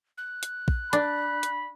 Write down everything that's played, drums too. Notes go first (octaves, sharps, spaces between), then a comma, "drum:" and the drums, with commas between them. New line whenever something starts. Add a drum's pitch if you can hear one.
F#6
drum: hi-hat
drum: kick A#1
D4 B5, drum: hi-hat
drum: hi-hat